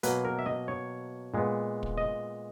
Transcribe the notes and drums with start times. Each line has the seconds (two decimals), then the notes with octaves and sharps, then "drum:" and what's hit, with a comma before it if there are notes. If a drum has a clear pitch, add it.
0.03 B2 F#3 A#3 B4, drum: hi-hat
0.25 A#4
0.39 E5
0.46 D#5
0.68 C#5
1.34 A#2 G#3 B3
1.83 drum: kick
1.98 D#5